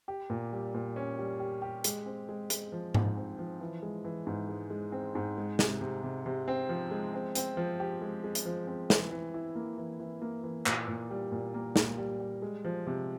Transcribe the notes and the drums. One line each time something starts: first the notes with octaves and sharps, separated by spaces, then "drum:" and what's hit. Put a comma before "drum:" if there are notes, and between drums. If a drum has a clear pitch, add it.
G4
A#2
G3
A#2
C#4
G3
G4
G4
G#3, drum: hi-hat
C4
G#3
G#3, drum: hi-hat
F3
G#2, drum: tom G#2
C4
F3
E3
G#3
E3
G#2
G#3
G#3
C4
G#2
G#3
C3, drum: snare
C3
C3
C3
C4
F3
G#3
C4
C4, drum: hi-hat
F3
G4
G#3
G#3
drum: hi-hat
F3
C4
E3, drum: snare
E3
E4
A#3
E3
E3
A#3
E3
A#2, drum: clap
A#2
G3
A#2
A#3
A#2, drum: snare
G3
G3
G#3
F3
C3